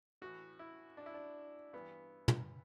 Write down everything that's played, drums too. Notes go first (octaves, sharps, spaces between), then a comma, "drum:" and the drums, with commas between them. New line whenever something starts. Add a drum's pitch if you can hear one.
A2 E3 F#4
E4
D4
E4
D4
G2 E3 B3
drum: tom